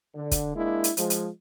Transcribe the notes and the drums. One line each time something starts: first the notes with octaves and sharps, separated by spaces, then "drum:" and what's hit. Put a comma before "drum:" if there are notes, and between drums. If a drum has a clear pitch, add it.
D3
drum: kick, hi-hat
G#3 A#3 D4 E4
drum: hi-hat
F3 G#3, drum: hi-hat
drum: hi-hat